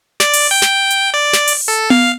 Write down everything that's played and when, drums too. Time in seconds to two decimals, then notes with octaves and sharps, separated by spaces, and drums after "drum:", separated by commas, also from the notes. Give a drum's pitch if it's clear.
0.20 D5, drum: snare
0.33 drum: open hi-hat
0.51 G5
0.62 drum: snare
0.90 drum: hi-hat
1.14 D5
1.33 drum: snare
1.48 drum: open hi-hat
1.68 A4
1.90 F5, drum: tom B3